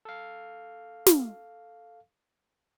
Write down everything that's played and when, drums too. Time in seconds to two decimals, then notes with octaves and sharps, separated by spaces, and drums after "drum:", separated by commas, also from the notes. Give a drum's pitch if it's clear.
0.05 A4 F5
1.06 drum: snare